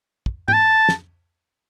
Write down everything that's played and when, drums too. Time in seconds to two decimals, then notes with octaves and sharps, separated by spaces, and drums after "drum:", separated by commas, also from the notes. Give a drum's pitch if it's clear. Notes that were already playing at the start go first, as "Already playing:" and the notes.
0.26 drum: kick
0.48 G5, drum: tom G#2
0.53 A5
0.89 drum: snare